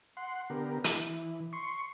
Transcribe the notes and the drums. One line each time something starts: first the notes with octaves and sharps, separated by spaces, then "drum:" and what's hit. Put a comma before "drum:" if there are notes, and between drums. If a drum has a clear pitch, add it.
F#5 C6
D3 B3 G4 A#4
E3, drum: hi-hat
C6 C#6